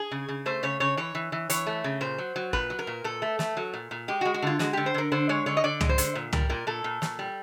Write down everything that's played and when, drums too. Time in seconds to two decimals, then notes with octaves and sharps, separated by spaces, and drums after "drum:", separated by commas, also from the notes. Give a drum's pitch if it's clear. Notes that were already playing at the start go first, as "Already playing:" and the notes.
Already playing: G#4
0.11 C#3
0.29 C#3
0.46 A3 C5
0.63 C#3 C#5
0.80 C#3 C#5
0.97 E3 C#5
1.15 E3
1.32 E3
1.50 E3 C#5, drum: hi-hat
1.67 A3
1.84 C#3
2.01 A#2 C5
2.18 F#3
2.36 F#3
2.53 A#2 B4, drum: kick
2.70 F#3
2.79 A#4
2.87 A#2
3.04 A#2 A4
3.22 A3
3.39 A3, drum: snare
3.57 F#3
3.74 A#2
3.91 A#2
4.08 G#3 G4
4.21 F#4
4.25 G#3
4.34 F#4
4.42 D3 F4
4.59 G#3 F#4, drum: snare
4.73 D3 G4
4.86 C5
4.94 D3 A#4
5.12 D3 C5
5.29 G#3 C#5
5.46 D3 C#5
5.57 D#5
5.64 D3 D5
5.81 G#3, drum: tom
5.89 C5
5.98 D3, drum: hi-hat
6.15 A#2
6.33 G3 A#4, drum: tom
6.49 A#2 A#4
6.67 A#2 A4
6.84 A#2
7.02 A#2, drum: snare
7.19 G3